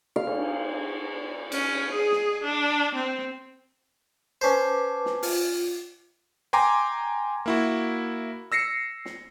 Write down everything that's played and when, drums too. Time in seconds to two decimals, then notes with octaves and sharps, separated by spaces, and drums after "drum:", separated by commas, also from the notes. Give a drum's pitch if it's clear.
0.16 F5
0.27 drum: cymbal
1.52 C#4, drum: cymbal
1.93 G#4
2.12 drum: snare
2.44 D4
2.95 C4
4.41 C#4 B4 C5 A5 D6
5.06 drum: snare
5.23 F4, drum: open hi-hat
6.53 G5 G#5 A#5 C6 D6
7.46 A#3 E4 F#4
8.52 E6 A#6 C7 C#7
9.05 drum: snare